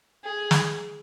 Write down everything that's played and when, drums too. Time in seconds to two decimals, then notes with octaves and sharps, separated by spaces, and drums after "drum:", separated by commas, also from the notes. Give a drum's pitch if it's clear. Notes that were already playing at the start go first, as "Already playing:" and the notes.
0.24 G#4
0.51 drum: snare